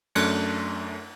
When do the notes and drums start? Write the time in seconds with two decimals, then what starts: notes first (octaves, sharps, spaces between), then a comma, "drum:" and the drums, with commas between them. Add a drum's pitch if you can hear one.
0.15 F#2 A3 D4 G#6 C#7, drum: cymbal